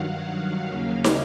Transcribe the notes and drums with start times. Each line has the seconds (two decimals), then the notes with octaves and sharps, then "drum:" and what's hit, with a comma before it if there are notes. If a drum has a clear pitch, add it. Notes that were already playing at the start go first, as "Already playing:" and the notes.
Already playing: G2 D#3 F#3 F5 F#5
0.19 F5
0.68 D#2 C#3 F#3 A#3 C#4
1.04 drum: snare